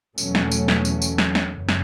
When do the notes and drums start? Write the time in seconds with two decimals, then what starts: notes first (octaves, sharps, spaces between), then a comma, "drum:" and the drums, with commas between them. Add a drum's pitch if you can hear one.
0.18 E2 B2 F#3 A3 C#4, drum: tambourine
0.35 drum: snare
0.52 drum: tambourine
0.68 drum: snare
0.85 drum: tambourine
1.02 drum: tambourine
1.18 drum: snare
1.35 drum: snare
1.52 F#1 F#2 C#3
1.69 drum: snare